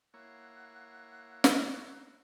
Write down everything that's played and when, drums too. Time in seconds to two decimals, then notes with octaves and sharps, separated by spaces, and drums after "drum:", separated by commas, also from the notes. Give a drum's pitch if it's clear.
0.14 A#3 E4 C#5 F5 F#5 F#6
1.44 drum: snare